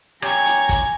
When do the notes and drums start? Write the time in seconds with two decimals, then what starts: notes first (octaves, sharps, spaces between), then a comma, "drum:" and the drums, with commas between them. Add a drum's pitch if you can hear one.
0.22 G4 C#5 G#5 A#5 G#6, drum: rim click
0.46 drum: hi-hat
0.69 drum: kick, hi-hat